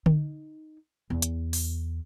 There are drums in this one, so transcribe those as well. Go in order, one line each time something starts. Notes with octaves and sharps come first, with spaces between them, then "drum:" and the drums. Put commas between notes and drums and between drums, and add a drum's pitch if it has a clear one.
D#4, drum: tom D3
E2
drum: hi-hat
drum: open hi-hat